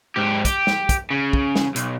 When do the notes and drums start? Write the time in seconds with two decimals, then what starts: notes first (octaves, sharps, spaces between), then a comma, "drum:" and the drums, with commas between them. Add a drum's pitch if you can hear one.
0.16 G#2 G4
0.45 G4, drum: kick, hi-hat
0.67 drum: snare
0.89 drum: kick, hi-hat
1.10 C#3
1.33 drum: kick
1.55 drum: snare
1.76 B1, drum: hi-hat